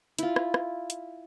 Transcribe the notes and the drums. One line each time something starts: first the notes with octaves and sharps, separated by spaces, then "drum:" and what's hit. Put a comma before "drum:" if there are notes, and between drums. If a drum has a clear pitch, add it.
E4 F4, drum: hi-hat
drum: rim click
drum: rim click
drum: hi-hat